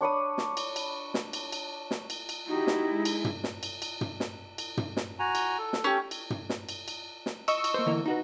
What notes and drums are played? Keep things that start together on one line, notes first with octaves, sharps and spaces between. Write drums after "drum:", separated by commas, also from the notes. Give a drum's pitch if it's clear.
D4 C#5 B5 D#6
drum: snare
drum: cymbal
drum: cymbal
drum: snare
drum: cymbal
drum: cymbal
drum: snare
drum: cymbal
drum: cymbal
D#4 E4 F#4 G4
drum: snare
G#3
drum: cymbal
drum: tom
drum: snare
drum: cymbal
drum: cymbal
drum: tom
drum: snare
drum: cymbal
drum: tom
drum: snare
F#4 G#5 A#5
drum: cymbal
A4
drum: snare
C#4 G4
drum: cymbal
drum: tom
drum: snare
drum: cymbal
drum: cymbal
drum: snare
D#5 C#6 E6, drum: cymbal
drum: cymbal
A#3 C5
D3 E3 A#3
D#4 F#4 B4